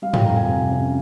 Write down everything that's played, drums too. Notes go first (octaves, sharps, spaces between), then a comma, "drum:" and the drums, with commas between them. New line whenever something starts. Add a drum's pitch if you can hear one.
G3 F5
G5, drum: tom
F2 A#5
G#5
C3
C#4